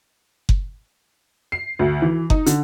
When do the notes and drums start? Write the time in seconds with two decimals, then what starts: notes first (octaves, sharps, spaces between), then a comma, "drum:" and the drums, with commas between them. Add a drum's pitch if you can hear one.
0.49 drum: kick F#1
1.52 C7
1.79 D2
2.02 E3
2.30 D#4, drum: kick F#1
2.46 D3, drum: hi-hat